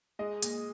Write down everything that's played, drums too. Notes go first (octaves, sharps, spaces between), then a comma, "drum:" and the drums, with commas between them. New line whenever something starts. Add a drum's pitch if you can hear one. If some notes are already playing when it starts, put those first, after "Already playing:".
G#3 D#5
A#2, drum: hi-hat